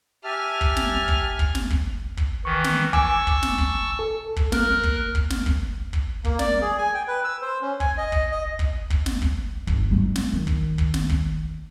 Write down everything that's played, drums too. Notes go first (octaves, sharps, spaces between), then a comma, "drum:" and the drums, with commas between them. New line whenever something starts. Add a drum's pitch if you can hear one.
G4 E5 G#5 A5 F6
drum: kick
drum: snare
drum: kick
drum: kick
drum: snare
drum: kick
drum: kick
D#3 E3 C#6
drum: snare
G#5 A5 C#6 D6 E6, drum: kick
drum: kick
drum: snare
drum: kick
A4
drum: kick
A#3 A#4 F6 F#6, drum: snare
drum: kick
drum: kick
drum: snare
drum: kick
drum: kick
A#3, drum: kick
D5, drum: snare
G#4
G#5
G5
B4
E6
C5
C#4
G#5, drum: kick
D#5
drum: kick
D#5
drum: kick
drum: kick
drum: snare
drum: kick
G1, drum: kick
F#3 G#3
drum: snare
D#3
drum: kick
drum: kick
drum: snare
drum: kick